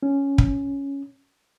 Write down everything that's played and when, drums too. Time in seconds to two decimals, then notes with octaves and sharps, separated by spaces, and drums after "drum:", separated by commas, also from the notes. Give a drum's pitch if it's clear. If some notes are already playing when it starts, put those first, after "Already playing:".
0.03 C#4
0.38 drum: kick